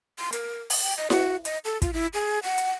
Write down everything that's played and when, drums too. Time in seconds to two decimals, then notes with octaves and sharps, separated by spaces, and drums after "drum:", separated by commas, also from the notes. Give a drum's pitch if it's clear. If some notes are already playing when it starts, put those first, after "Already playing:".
0.19 C6
0.33 A#4, drum: hi-hat
0.70 drum: open hi-hat
0.82 G5
0.98 D#5
1.10 F#4, drum: snare E4
1.45 D#5, drum: hi-hat
1.65 A4
1.82 F4, drum: kick, hi-hat
1.93 E4
2.14 G#4
2.43 F#5
2.58 drum: hi-hat